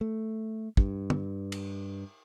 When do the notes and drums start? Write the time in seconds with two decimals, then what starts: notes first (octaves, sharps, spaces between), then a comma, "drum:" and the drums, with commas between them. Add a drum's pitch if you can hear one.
0.01 A3
0.77 G2, drum: kick
1.10 drum: tom
1.52 drum: cymbal